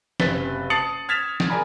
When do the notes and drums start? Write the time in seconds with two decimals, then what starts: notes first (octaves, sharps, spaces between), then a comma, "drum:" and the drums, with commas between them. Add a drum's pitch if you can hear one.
0.20 F#1 C3 B4 A6 B6 G7, drum: snare
0.70 A5 D#6 A6 C7 C#7 F#7
1.09 F6 G#6 A6 B6 E7 F7
1.40 drum: snare
1.50 G#4 A#4 D5 G#5 A#5 B5